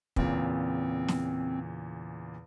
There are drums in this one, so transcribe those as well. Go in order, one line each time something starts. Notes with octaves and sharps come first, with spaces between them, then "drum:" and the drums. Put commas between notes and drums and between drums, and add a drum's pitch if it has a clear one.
E2 A#2 C#3 C4, drum: kick
drum: snare